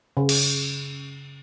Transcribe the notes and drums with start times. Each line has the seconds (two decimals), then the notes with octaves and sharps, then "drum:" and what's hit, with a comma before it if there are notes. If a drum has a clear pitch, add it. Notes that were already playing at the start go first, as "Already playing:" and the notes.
0.17 C#3
0.29 drum: cymbal